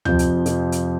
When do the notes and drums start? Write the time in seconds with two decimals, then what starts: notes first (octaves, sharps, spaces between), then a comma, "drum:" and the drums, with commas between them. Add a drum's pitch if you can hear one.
0.05 F2 C3 F3 G6, drum: tom
0.19 drum: hi-hat
0.46 F2 C3 F3, drum: hi-hat
0.72 drum: hi-hat